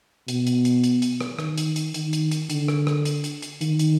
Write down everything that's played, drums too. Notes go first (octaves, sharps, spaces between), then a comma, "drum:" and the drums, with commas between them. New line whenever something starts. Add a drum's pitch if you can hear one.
B2, drum: hi-hat
drum: hi-hat
drum: hi-hat
drum: hi-hat
drum: hi-hat
drum: rim click
D#3, drum: rim click
drum: hi-hat
drum: hi-hat
D#3, drum: hi-hat
drum: hi-hat
drum: hi-hat
D3, drum: hi-hat
drum: rim click
drum: rim click
drum: hi-hat
drum: hi-hat
drum: hi-hat
D#3, drum: hi-hat
drum: hi-hat